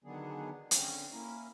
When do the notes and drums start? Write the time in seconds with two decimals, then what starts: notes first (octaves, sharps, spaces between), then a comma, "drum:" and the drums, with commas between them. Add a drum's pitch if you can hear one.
0.04 D3 D#3 F#3 B3 D4 G#4
0.71 D3 C4 C#4, drum: hi-hat
1.12 A#3 C#4 E4 A#4